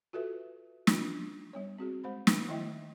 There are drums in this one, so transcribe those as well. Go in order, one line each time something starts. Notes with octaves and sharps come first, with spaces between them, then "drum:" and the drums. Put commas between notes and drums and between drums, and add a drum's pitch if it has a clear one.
F4 F#4 A4 B4 E5
F3 G3 C#4 D4 F4, drum: snare
G3 B3 C#5
C4 F#4 G#4
G#3 C5 B5
drum: snare
D#3 A3 E4 D#5 E5 G5